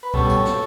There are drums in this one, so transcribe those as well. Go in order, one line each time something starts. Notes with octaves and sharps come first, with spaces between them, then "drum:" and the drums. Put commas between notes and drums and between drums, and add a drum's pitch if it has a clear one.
B4
B2 G3 C#4 A4 C#5, drum: kick
drum: tambourine
drum: snare